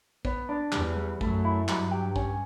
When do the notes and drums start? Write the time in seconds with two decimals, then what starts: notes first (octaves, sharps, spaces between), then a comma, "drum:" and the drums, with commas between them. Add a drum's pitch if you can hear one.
0.25 B3, drum: kick
0.49 D4
0.72 E2 G3, drum: clap
0.96 G3
1.21 F#2 A3, drum: kick
1.45 E4
1.68 G2 F#3, drum: clap
1.91 G4
2.16 C#4, drum: kick